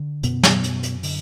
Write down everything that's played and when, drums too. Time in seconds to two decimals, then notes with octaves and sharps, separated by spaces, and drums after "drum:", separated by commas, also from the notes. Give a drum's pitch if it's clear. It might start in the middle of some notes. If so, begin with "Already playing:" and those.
Already playing: D3
0.23 F#2 B2 B3, drum: hi-hat
0.43 drum: snare
0.64 F#2, drum: hi-hat
0.83 drum: hi-hat
1.03 D3, drum: open hi-hat